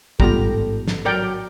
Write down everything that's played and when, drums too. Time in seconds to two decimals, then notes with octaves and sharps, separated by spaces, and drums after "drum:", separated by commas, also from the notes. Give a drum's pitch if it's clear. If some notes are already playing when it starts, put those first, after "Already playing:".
0.20 A1 G#2 G3 B3 F4 G4 A4 A#5, drum: kick
0.88 drum: snare
1.05 F#3 A#4 D5 G5